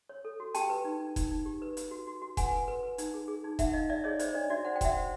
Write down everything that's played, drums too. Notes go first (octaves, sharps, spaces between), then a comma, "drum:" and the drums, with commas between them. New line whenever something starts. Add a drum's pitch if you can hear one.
C#5
A4
F#4
G4 G5 A5, drum: hi-hat
B4
D#4
D#4
D#4, drum: kick F1, hi-hat
D#4
G4
B4
B4, drum: hi-hat
F#4
F#4
F#4
B4 F#5 G#5, drum: kick F1, hi-hat
B4
B4
B4
D#4, drum: hi-hat
G#4
G#4
D#4
D#4 E5 F#5, drum: kick F1, hi-hat
D#4 D#5 F5
D#4 D5 E5
G#4 C#5 D#5
C5 D5, drum: hi-hat
D4 C#5 D#5
F#4 D5 E5
C5 F#5
G5
F#4 E5 F#5, drum: kick F1, hi-hat
C5